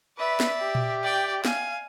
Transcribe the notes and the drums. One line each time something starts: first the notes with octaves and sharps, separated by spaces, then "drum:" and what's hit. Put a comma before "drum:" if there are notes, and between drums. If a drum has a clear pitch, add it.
B4 D5 E5
drum: snare
G4
drum: tom A#2
D5 G5
F5 G#5, drum: snare